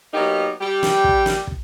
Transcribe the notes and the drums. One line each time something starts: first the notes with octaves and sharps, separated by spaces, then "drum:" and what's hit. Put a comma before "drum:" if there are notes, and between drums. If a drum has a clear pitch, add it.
F#3 A#3 B3 D#4 G4
G3 G4
drum: snare
drum: kick
drum: snare
drum: kick